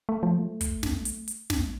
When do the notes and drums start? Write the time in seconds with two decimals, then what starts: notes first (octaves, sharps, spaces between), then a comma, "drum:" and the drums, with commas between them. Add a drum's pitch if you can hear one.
0.09 A3
0.23 F3
0.39 A3
0.61 drum: kick, hi-hat
0.83 drum: snare
1.05 drum: hi-hat
1.28 drum: hi-hat
1.50 drum: snare